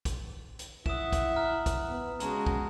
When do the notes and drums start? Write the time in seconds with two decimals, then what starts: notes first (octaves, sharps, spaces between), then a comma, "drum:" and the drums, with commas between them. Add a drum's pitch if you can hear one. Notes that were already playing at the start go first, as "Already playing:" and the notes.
0.05 drum: kick, hi-hat
0.59 drum: hi-hat
0.86 E4 E5 F#5 D#6 E7, drum: kick
1.13 drum: kick, hi-hat
1.36 A#5 F6
1.66 drum: kick, hi-hat
1.89 B3
2.20 C#3 G#3 F#4 A5 A#5, drum: hi-hat
2.46 drum: kick